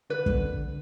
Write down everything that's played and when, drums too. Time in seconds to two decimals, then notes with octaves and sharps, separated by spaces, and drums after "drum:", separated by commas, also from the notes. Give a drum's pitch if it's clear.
0.10 D3 B4
0.26 D3, drum: kick